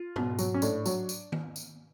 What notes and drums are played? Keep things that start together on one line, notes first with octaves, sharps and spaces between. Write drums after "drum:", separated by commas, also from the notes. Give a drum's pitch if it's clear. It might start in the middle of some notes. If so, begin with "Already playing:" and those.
Already playing: F4
B2, drum: tom
F#3, drum: tambourine
C#4
A2 D4, drum: tambourine
F#3, drum: tambourine
drum: tambourine
drum: tom D#3
drum: tambourine